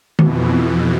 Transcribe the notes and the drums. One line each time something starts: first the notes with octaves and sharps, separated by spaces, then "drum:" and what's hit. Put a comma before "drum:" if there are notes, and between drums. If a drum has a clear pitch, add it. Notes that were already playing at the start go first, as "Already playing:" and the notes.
F2 B2 E3, drum: tom D#3